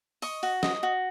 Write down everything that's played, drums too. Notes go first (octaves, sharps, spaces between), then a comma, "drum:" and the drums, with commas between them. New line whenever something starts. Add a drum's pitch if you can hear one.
D#5 C#6, drum: open hi-hat
F#4, drum: open hi-hat
D#5, drum: snare
F#4